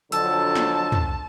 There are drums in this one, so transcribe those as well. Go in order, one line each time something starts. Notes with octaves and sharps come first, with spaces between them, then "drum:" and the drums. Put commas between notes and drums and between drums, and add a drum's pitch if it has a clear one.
F2 D3 F#3 A5 E6, drum: hi-hat
drum: snare
drum: tom